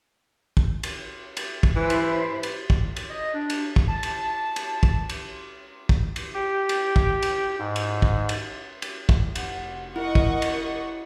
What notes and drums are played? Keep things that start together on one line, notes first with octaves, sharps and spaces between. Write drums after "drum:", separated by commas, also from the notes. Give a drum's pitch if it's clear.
drum: kick
drum: cymbal
drum: cymbal
drum: kick
E3 E4 B4 C5
drum: cymbal
drum: cymbal
drum: kick
drum: cymbal
D#5
D4
drum: cymbal
drum: kick
A5
drum: cymbal
drum: cymbal
drum: kick
drum: cymbal
drum: kick
drum: cymbal
G4
drum: cymbal
drum: kick
drum: cymbal
G#2
drum: cymbal
drum: kick
drum: cymbal
drum: cymbal
drum: kick
F1 F#5, drum: cymbal
E4 A#4 D#5 F#5 C#6
drum: kick
drum: cymbal